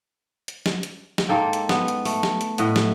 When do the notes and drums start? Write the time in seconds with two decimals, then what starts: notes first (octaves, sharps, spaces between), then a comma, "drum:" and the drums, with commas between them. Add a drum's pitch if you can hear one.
0.48 drum: hi-hat
0.66 drum: snare
0.83 drum: hi-hat
1.18 drum: snare
1.29 G#2 A#3 A4 G5
1.53 drum: hi-hat
1.69 B3, drum: snare
1.88 drum: hi-hat
2.05 A3, drum: open hi-hat
2.23 drum: snare
2.41 drum: hi-hat
2.58 A2 D#5 E5 F#5, drum: hi-hat
2.76 drum: snare